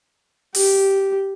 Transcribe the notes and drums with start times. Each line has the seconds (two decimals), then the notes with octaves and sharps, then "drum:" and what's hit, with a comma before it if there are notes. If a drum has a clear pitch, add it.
0.55 G4, drum: open hi-hat